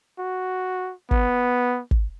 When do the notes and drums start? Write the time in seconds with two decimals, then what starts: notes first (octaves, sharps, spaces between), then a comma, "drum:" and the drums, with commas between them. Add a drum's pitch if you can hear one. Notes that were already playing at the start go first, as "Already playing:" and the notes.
0.19 F#4
1.11 B3, drum: kick
1.91 drum: kick